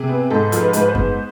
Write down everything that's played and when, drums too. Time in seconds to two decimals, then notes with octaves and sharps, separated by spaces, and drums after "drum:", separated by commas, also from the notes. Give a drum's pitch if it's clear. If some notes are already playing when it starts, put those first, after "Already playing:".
Already playing: C3 G#4
0.09 B3
0.30 G#2 A4
0.52 F3, drum: hi-hat
0.60 B4
0.73 G#2 B4, drum: hi-hat
0.88 C5
0.95 B3, drum: kick F#2